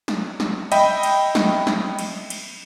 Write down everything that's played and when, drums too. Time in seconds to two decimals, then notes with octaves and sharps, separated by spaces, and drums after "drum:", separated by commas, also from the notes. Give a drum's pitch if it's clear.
0.08 drum: snare
0.40 drum: snare
0.72 D#5 E5 G5 B5, drum: cymbal
1.03 drum: cymbal
1.35 drum: snare
1.67 drum: snare
1.99 drum: cymbal
2.30 drum: cymbal